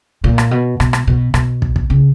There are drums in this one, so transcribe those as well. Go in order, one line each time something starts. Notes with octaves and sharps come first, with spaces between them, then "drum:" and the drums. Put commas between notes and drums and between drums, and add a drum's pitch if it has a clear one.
A#2
drum: rim click
B2
B2, drum: rim click
drum: rim click
B2
B2, drum: rim click
drum: kick
drum: kick
C#3